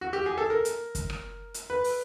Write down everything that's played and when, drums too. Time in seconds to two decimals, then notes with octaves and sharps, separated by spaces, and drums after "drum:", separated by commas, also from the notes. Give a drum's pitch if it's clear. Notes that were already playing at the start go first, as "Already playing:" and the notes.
0.01 F#4
0.13 G4
0.26 G#4
0.38 A4
0.50 A#4
0.65 drum: hi-hat
0.95 drum: kick, hi-hat
1.10 drum: rim click
1.54 drum: hi-hat
1.70 B4
1.84 drum: open hi-hat